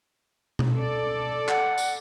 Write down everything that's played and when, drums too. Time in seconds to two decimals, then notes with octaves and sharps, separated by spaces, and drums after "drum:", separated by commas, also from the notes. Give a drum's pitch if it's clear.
0.59 drum: tom B2
0.74 A4 D5
1.48 F#5, drum: clap
1.78 drum: tambourine